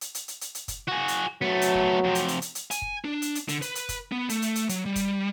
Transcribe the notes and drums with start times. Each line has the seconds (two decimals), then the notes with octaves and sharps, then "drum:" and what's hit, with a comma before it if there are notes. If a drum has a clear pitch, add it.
0.01 drum: hi-hat
0.15 drum: hi-hat
0.28 drum: hi-hat
0.41 drum: hi-hat
0.55 drum: hi-hat
0.68 drum: kick, hi-hat
0.88 F#4 G#4
1.08 drum: hi-hat
1.42 F#3 A3 B3
1.62 drum: hi-hat
1.75 drum: kick
2.04 F2 C3
2.15 drum: hi-hat
2.28 drum: hi-hat
2.42 drum: hi-hat
2.55 drum: hi-hat
2.71 G#5, drum: hi-hat
2.82 drum: kick
3.04 D4
3.22 drum: hi-hat
3.35 drum: hi-hat
3.48 D3, drum: hi-hat
3.62 B4, drum: hi-hat
3.75 drum: hi-hat
3.89 drum: kick, hi-hat
4.12 B3
4.29 A3, drum: hi-hat
4.42 drum: hi-hat
4.55 drum: hi-hat
4.69 F#3, drum: hi-hat
4.86 G3
4.96 drum: kick, hi-hat